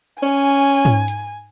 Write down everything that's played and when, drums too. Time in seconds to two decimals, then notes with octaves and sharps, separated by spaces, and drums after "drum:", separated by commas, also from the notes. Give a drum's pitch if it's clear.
0.23 C#4 G#5
0.85 drum: tom G#2
1.08 drum: hi-hat